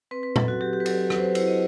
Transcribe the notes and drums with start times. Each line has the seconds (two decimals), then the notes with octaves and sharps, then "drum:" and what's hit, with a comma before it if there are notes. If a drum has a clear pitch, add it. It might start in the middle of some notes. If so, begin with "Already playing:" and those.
0.11 C4 B4
0.23 B4
0.36 F#3 A4, drum: tom
0.48 F#4
0.61 F#3 G4
0.73 G4
0.80 B4
0.86 F#3 A4, drum: cymbal
0.98 B4
1.10 F#3 B4, drum: rim click
1.17 C5
1.23 B4
1.35 E4 C5, drum: cymbal
1.48 D#5